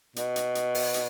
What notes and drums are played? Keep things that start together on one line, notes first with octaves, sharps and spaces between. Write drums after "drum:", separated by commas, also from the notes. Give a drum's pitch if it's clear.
B2, drum: hi-hat
drum: hi-hat
drum: hi-hat
drum: open hi-hat
drum: hi-hat